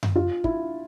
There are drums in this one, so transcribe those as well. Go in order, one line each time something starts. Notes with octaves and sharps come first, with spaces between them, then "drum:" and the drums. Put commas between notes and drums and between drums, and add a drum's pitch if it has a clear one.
drum: tom F#2
F4
E4, drum: kick